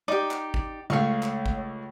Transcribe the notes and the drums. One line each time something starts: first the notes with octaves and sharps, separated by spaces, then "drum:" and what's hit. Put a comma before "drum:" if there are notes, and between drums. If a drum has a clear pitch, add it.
D#4 G4 D5
drum: clap
drum: kick
C#2 A3 C#5 F5 C#6
drum: clap
drum: kick